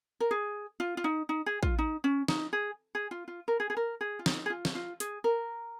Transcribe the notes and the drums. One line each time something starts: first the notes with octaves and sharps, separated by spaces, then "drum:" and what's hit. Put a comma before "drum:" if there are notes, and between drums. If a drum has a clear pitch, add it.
A#4
G#4
F4
F4
D#4
D#4
G#4
F4, drum: kick
D#4
C#4
D#4, drum: snare
G#4
G#4
F4
F4
A#4
G#4
G#4
A#4
G#4
F4
D#4, drum: snare
G#4
F4
drum: snare
F4
G#4, drum: hi-hat
A#4